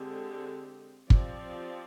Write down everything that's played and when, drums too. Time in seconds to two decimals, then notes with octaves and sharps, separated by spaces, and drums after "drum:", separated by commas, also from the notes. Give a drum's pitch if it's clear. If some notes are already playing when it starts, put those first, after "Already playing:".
Already playing: D3 G#3 C4 G4
1.10 F3 C4 G4 D5, drum: kick